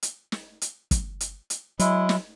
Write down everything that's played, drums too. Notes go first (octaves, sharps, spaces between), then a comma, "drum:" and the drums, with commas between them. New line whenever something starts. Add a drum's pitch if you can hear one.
drum: hi-hat
drum: snare
drum: hi-hat
drum: kick, hi-hat
drum: hi-hat
drum: hi-hat
F#3 G#3 E4, drum: hi-hat
drum: snare